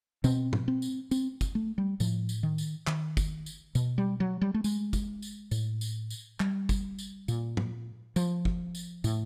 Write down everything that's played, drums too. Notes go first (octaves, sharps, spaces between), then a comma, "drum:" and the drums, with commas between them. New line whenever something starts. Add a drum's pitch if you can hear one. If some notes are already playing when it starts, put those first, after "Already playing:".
B2 C4, drum: tambourine
drum: tom G#2
C4
drum: tambourine
C4, drum: tambourine
drum: kick G1, tambourine
A3
G3
A2 F3, drum: tambourine
drum: tambourine
D#3
drum: tambourine
D#3, drum: clap
drum: kick G1, tambourine
drum: tambourine
B2, drum: tambourine
G3
F#3
G3
A3
G#3, drum: tambourine
drum: kick G1, tambourine
drum: tambourine
A2, drum: tambourine
drum: tambourine
drum: tambourine
G3, drum: clap
drum: kick G1, tambourine
drum: tambourine
A#2, drum: tambourine
drum: tom G#2
F3, drum: tambourine
drum: kick G1
drum: tambourine
A2, drum: tambourine